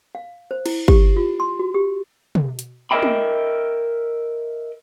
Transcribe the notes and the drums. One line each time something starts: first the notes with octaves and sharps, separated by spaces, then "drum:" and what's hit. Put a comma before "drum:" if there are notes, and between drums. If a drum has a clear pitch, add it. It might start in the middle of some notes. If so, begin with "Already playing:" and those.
F5
C5
E4, drum: cymbal
G4, drum: kick
F4
C6
F#4
G4
drum: tom
drum: hi-hat
A#4 C5 D#5 E5 G5 B5
drum: tom